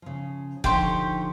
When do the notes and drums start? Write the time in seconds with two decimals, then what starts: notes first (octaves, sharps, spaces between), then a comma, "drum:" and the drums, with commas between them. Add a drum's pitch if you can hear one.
0.02 C#3 F3
0.64 D3 F3 D#4 G4 C5 C#6, drum: kick E1